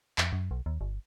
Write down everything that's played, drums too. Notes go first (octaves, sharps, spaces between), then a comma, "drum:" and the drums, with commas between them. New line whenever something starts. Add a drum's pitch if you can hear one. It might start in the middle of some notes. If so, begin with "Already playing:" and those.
F2, drum: clap
F#2
B1
D#2
G1